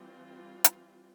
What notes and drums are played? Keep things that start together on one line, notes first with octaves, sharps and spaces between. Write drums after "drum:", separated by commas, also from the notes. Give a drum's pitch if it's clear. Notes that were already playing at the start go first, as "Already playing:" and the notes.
Already playing: E3 G3 C4 F4
drum: hi-hat